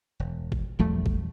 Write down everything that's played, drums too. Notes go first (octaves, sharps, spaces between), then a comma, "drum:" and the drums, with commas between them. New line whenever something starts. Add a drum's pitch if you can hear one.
E1
drum: kick G#1
E1 A#1 E2 F3 G3 A3
drum: kick G#1